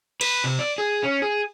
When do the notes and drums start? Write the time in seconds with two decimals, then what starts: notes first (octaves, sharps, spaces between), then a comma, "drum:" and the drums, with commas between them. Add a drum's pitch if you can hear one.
0.21 B4, drum: cymbal
0.44 C3
0.59 D5
0.78 G#4
1.03 C#4
1.22 G#4